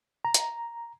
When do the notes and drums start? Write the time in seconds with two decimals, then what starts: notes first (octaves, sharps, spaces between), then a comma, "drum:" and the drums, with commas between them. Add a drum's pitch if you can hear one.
0.25 A#5
0.34 drum: hi-hat